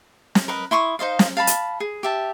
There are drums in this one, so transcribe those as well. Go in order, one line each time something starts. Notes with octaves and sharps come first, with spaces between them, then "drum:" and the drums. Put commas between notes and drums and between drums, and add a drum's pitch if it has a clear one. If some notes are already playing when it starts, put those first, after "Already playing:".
drum: snare
A#4 B4 D#5
E4 C6 C#6 D#6
D#4 C5 D#5 F5
drum: snare
F5 A5 B5
drum: hi-hat
G#4
G4 E5 A5